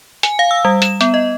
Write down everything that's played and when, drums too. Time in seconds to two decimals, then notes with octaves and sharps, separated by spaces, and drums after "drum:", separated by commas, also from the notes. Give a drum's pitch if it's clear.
0.23 G#5, drum: hi-hat
0.39 F5
0.51 E6
0.65 G3
0.82 E7, drum: hi-hat
1.01 B3, drum: hi-hat
1.14 D#5